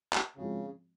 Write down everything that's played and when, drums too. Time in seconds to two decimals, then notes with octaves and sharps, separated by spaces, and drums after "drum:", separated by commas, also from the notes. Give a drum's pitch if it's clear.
0.13 drum: clap
0.36 G#2 C#3 F3 C4 F#4